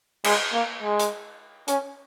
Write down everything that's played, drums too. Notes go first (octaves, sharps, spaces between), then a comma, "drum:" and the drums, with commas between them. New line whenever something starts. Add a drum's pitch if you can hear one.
G#3, drum: cymbal
A#3
G#3
drum: hi-hat
C#4, drum: hi-hat